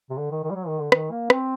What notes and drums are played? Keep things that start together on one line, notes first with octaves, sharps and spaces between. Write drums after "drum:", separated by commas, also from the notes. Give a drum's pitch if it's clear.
C3
D3
D#3
D#3
G3
F#3
D#3
D3
D#3, drum: rim click
A#3
C4, drum: rim click